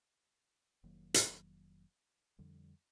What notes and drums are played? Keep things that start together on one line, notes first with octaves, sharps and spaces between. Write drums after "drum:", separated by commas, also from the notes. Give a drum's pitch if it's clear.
F1 D#3 F#3 A#3
drum: hi-hat
F2 D3 F3 G3